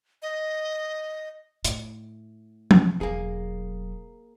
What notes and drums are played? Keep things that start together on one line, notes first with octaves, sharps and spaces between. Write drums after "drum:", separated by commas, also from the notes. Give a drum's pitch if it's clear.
D#5
A2, drum: hi-hat
drum: tom
E1 F#3 A#3 G#4